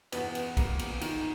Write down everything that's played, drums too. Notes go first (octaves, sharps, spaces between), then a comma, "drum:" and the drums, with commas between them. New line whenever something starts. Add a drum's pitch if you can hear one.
E2 B3 B4, drum: cymbal
drum: cymbal
A#3, drum: kick B1, cymbal
drum: cymbal
D#3, drum: cymbal